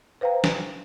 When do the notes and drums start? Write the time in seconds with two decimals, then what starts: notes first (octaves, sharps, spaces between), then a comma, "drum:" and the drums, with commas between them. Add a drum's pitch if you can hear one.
0.21 B4 C5 F5 G5 A#5
0.44 drum: snare